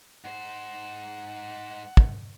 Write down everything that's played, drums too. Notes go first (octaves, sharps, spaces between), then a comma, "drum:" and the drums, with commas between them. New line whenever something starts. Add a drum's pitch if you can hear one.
G#2 C5 F#5
drum: kick